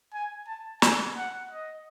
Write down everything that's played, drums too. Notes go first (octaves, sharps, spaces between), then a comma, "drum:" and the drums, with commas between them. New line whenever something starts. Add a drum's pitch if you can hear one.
G#5
A5
G#5, drum: snare
F#5
D#5